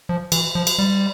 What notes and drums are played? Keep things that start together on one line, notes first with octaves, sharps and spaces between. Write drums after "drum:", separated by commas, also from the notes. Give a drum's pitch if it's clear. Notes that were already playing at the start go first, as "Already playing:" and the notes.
F3
E3, drum: cymbal
F3
drum: cymbal
G3